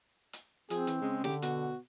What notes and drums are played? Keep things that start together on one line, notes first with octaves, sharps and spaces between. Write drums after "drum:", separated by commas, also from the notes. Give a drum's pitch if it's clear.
drum: hi-hat
F3 C4 G#4, drum: hi-hat
E3, drum: hi-hat
C#3 G#3
D3 G4, drum: snare
B2 F#4, drum: hi-hat